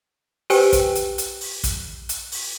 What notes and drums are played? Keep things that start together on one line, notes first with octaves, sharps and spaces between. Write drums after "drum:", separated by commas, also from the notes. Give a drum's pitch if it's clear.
G4 B4 C5 G5 G#5, drum: open hi-hat
drum: kick, hi-hat
drum: hi-hat
drum: hi-hat
drum: open hi-hat
drum: kick, hi-hat
drum: hi-hat
drum: open hi-hat